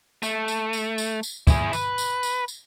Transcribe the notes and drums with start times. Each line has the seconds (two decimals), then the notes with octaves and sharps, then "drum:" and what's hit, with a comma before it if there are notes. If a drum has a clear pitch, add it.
0.23 A3, drum: tambourine
0.48 drum: tambourine
0.73 drum: tambourine
0.98 drum: tambourine
1.23 drum: tambourine
1.47 E4 G#4, drum: kick, tambourine
1.73 B4, drum: tambourine
1.98 drum: tambourine
2.23 drum: tambourine
2.48 drum: tambourine